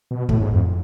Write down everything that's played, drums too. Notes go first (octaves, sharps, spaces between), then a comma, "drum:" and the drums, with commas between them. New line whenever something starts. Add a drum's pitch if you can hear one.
B2
A2, drum: kick
G#2
F2